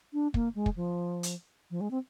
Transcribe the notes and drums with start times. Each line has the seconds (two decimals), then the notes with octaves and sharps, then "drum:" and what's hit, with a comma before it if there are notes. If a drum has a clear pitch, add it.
0.13 D4
0.34 A#3, drum: kick
0.55 G#3
0.66 drum: kick
0.76 F3
1.23 drum: hi-hat
1.71 F3
1.81 G#3
1.91 C4